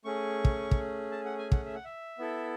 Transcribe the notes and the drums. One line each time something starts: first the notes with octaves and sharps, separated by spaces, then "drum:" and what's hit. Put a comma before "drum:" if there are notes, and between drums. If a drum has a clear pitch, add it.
A3 C#4 G#4 C#6
drum: kick
drum: kick
A5
F#5
G#5
F#5, drum: kick
E5
F#5
E5
B3 E4 A4